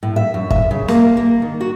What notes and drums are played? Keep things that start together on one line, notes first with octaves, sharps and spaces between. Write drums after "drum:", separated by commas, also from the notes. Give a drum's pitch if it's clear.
A2
E5
F#2
E5, drum: kick
C#3
A#3, drum: snare
A#3
D#3
F#4